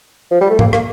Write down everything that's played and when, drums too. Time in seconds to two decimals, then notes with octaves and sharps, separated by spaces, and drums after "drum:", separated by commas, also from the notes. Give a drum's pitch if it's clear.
0.31 F3
0.40 G3
0.50 A3
0.59 A#3, drum: tom G#2
0.73 A#3, drum: rim click